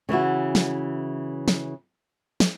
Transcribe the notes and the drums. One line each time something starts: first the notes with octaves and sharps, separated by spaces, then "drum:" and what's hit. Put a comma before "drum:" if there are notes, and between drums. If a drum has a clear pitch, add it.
C#3 E3 E4 F#4
drum: snare
drum: snare
drum: snare